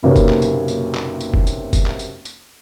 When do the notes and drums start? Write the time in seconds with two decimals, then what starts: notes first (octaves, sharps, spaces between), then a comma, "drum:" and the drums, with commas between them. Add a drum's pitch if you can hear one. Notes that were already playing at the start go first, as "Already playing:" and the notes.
0.03 F#1 B1 C3 A#3 B4 C#5
0.16 drum: kick, tambourine
0.29 drum: clap
0.42 drum: tambourine
0.68 drum: tambourine
0.94 drum: clap
1.21 drum: tambourine
1.34 drum: kick
1.47 drum: tambourine
1.73 drum: kick, tambourine
1.86 drum: clap
1.99 drum: tambourine
2.25 drum: tambourine